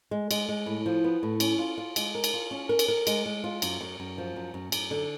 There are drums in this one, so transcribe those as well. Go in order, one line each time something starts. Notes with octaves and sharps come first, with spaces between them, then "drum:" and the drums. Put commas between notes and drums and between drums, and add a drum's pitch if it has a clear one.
G#3
G#3, drum: cymbal
G#3
A2
F3
B3
A2
C#4, drum: cymbal
F4
F4
G#3, drum: cymbal
A#4
drum: cymbal
F4
C#4
A#4
drum: cymbal
A#4
G#3, drum: cymbal
G#3
F4
F#2, drum: cymbal
F#2
F#2
F3
F#2
F#2
F#2, drum: cymbal
D3